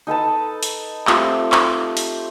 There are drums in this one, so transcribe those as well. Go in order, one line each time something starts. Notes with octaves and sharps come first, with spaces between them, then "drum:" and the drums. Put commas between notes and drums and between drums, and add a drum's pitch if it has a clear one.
D#4 A4 B4 A5
drum: open hi-hat
A3 C4 F4 G4, drum: clap
drum: clap
drum: open hi-hat